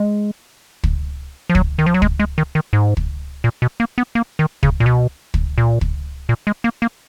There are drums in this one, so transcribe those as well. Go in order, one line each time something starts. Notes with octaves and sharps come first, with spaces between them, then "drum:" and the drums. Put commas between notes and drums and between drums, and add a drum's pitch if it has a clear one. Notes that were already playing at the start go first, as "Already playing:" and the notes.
Already playing: G#3
drum: kick
F3
F#3, drum: kick
D#3
F3
F#3
G#3, drum: kick
G#3
D#3
D#3
G#2
drum: kick
A#2
B2
A#3
B3
A#3
D#3
C#3, drum: kick
A#2
B2
drum: kick
A#2
drum: kick
A#2
G#3
A#3
A#3